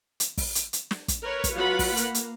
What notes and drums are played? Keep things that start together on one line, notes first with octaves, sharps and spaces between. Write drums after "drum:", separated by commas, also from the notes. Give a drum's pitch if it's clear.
drum: hi-hat
drum: kick, open hi-hat
drum: hi-hat
drum: hi-hat
drum: snare
drum: kick, hi-hat
A#4 B4 C#5
drum: kick, hi-hat
F#3 F4 B4 F#5 B5
drum: kick, open hi-hat
A#3, drum: hi-hat
drum: hi-hat